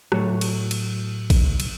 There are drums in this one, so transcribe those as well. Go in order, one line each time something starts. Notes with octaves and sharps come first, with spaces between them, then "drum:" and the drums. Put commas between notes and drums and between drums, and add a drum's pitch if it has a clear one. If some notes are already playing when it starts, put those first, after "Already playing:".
A2 F#3 A3 C#5, drum: rim click
drum: cymbal
drum: cymbal
drum: kick, cymbal
drum: cymbal